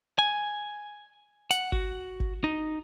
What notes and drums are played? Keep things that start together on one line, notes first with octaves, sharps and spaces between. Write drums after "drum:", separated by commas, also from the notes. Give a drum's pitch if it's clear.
G#5
F#5, drum: hi-hat
F#4, drum: kick G#1
drum: kick G#1
D#4